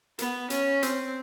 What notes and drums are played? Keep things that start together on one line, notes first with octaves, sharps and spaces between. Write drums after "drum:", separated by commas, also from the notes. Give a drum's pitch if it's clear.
B3, drum: hi-hat
C#4, drum: hi-hat
C4, drum: hi-hat